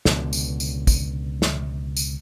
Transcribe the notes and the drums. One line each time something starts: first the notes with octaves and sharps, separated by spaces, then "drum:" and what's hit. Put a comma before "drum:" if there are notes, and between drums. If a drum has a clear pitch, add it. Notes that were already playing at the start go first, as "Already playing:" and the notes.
C#2 B2 D3, drum: snare
drum: tambourine
drum: tambourine
drum: kick, tambourine
drum: snare
drum: tambourine